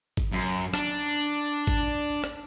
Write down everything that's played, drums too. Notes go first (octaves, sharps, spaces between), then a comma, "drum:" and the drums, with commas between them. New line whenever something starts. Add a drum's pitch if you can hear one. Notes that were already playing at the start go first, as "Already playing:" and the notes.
drum: kick
F#2
D4, drum: rim click
drum: kick
drum: rim click